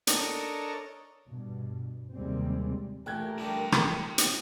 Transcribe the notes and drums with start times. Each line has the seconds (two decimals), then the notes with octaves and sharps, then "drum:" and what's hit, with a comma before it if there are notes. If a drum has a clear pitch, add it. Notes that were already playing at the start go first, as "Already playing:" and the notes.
0.07 D4 A4 A#4 C#5 D#5, drum: hi-hat
1.27 G2 B2
2.14 D#2 C3 G3 G#3 C4
3.06 A#1 E3 A3 G4 A#4 G5 F#6 G#6
3.38 G3 D4 E4 G5
3.72 drum: rim click
4.18 drum: hi-hat